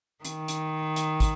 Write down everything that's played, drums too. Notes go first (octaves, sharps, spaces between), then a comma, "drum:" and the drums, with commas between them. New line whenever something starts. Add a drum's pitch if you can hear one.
D#3, drum: hi-hat
drum: hi-hat
drum: hi-hat
drum: kick, hi-hat